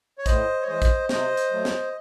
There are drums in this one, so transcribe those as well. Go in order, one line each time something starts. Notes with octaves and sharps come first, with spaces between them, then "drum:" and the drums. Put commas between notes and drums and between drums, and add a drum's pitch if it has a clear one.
C#5
A2 C5 D#5, drum: kick, hi-hat
C#5
E3 G#3 C5 D#5
drum: kick, hi-hat
C3 C5 D#5, drum: snare
drum: hi-hat
F#3 A3
drum: snare